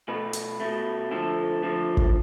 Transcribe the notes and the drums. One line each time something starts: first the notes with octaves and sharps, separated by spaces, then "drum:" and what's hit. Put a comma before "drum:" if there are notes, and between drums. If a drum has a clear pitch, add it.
B2 A3 B4
drum: hi-hat
B2 A3
D3 F3 A3 A4
D3 F3 A3
drum: kick